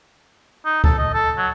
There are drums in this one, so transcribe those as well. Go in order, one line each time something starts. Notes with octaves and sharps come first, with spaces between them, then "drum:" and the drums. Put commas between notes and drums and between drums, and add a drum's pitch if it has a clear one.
D#4
A4, drum: kick C#2
D#5
A4
F#3